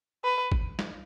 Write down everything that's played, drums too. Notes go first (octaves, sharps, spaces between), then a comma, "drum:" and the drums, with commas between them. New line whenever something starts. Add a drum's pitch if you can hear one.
B4
drum: kick
drum: snare